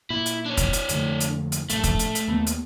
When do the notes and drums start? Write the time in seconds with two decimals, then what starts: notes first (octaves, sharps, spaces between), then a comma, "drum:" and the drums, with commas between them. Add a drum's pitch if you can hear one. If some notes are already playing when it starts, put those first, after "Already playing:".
0.10 A#2 E4
0.26 drum: hi-hat
0.45 D4 C#5
0.57 drum: kick, hi-hat
0.73 drum: hi-hat
0.89 F2 D3 A3, drum: hi-hat
1.21 drum: hi-hat
1.52 drum: hi-hat
1.70 A#1 A2 A3 A4, drum: hi-hat
1.84 drum: kick, hi-hat
1.99 drum: hi-hat
2.15 drum: hi-hat
2.28 D#2 A#3 B3
2.47 drum: hi-hat